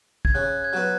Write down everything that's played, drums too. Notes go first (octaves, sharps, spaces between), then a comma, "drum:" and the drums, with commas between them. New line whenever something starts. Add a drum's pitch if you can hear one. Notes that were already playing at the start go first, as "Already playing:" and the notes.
G#6, drum: kick
C#3 F#6
G#6
F#3 B3 F#6